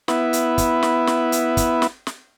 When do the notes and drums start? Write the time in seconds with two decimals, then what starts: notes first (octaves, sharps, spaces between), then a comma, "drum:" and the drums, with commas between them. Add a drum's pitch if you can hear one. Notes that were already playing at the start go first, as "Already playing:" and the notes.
0.08 B3 E4, drum: snare
0.33 drum: hi-hat
0.58 drum: kick, hi-hat
0.83 drum: snare
1.07 drum: snare
1.32 drum: hi-hat
1.57 drum: kick, hi-hat
1.82 drum: snare
2.07 drum: snare